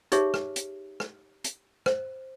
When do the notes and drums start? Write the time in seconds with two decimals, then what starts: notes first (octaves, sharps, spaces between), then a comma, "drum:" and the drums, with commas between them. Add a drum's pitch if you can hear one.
0.12 D#4 G4 G#4 C#5 E5, drum: hi-hat
0.34 drum: rim click
0.56 drum: hi-hat
1.00 drum: rim click
1.44 drum: hi-hat
1.86 C5, drum: rim click